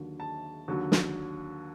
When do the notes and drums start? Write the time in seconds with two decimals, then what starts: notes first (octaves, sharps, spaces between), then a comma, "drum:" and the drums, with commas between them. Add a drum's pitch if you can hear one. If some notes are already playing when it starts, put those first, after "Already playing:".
Already playing: D#2 D3 F#3
0.20 A5
0.68 D#2 D3 F#3
0.92 drum: snare